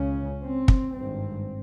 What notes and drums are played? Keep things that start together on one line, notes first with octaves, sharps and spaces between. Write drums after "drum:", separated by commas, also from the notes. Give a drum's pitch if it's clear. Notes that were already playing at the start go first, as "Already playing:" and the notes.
Already playing: C#2 C#3 C#4
C4
drum: kick
G#1 G2 C4